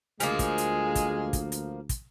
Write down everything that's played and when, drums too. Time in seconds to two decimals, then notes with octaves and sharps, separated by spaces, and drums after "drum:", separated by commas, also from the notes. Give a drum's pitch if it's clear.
0.20 D2 F3 G#3 A#3 G#4, drum: hi-hat
0.39 drum: kick, hi-hat
0.58 drum: hi-hat
0.95 drum: kick, hi-hat
1.33 drum: kick, hi-hat
1.52 drum: hi-hat
1.89 drum: kick, hi-hat